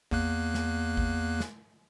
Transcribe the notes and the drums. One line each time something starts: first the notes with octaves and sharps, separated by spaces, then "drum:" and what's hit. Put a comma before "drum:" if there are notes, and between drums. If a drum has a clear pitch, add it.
E2 A#3 F#6, drum: kick A1
drum: snare
drum: kick A1
drum: snare